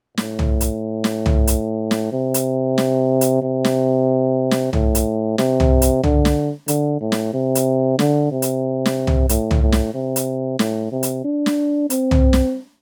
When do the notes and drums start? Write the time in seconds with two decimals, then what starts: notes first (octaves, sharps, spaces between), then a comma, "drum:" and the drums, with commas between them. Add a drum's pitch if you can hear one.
0.18 A2, drum: snare
0.39 drum: tom C2
0.61 drum: hi-hat
1.04 drum: snare
1.26 drum: tom C2
1.47 drum: hi-hat
1.91 drum: snare
2.12 C3
2.34 drum: hi-hat
2.78 drum: snare
3.21 drum: hi-hat
3.42 C3
3.64 drum: snare
4.51 drum: snare
4.73 A2, drum: tom C2
4.95 drum: hi-hat
5.38 C3, drum: snare
5.60 drum: tom C2
5.82 drum: hi-hat
6.04 D3, drum: tom C2
6.25 drum: snare
6.68 D3, drum: hi-hat
7.01 A2
7.12 drum: snare
7.33 C3
7.55 drum: hi-hat
7.99 D3, drum: snare
8.31 C3
8.42 drum: hi-hat
8.86 drum: snare
9.07 drum: tom C2
9.29 A2, drum: hi-hat
9.51 drum: tom C2
9.62 A2
9.72 drum: snare
9.94 C3
10.16 drum: hi-hat
10.59 A2, drum: snare
10.92 C3
11.03 drum: hi-hat
11.24 D4
11.46 drum: snare
11.90 C4, drum: hi-hat
12.11 drum: tom C2
12.33 drum: snare